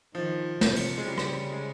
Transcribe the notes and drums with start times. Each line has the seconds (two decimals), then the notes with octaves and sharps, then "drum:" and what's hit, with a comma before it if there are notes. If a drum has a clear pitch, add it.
0.15 D#3 F3
0.61 C3, drum: snare
0.76 drum: cymbal
0.98 G#3
1.06 C#3 G3
1.18 drum: rim click
1.52 G#3